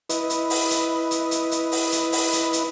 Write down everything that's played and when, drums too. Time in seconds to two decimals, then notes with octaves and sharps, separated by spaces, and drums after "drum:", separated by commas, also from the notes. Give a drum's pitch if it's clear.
0.09 E4 B4 D#5, drum: hi-hat
0.30 drum: hi-hat
0.50 drum: open hi-hat
0.70 drum: hi-hat
1.11 drum: hi-hat
1.31 drum: hi-hat
1.51 drum: hi-hat
1.72 drum: open hi-hat
1.92 drum: hi-hat
2.12 drum: open hi-hat
2.33 drum: hi-hat
2.53 drum: hi-hat